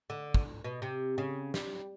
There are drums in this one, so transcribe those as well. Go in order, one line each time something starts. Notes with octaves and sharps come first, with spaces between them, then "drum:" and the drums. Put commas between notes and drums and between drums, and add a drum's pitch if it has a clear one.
D3
drum: kick
B2
C3
C#3
G3, drum: snare